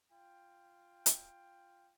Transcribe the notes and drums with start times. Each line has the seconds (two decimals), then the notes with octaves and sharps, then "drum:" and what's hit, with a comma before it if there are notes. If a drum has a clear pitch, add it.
0.11 F4 G5
1.06 drum: hi-hat